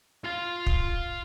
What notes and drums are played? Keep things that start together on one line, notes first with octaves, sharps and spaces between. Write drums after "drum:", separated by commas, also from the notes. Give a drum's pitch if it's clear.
F4 F5
drum: kick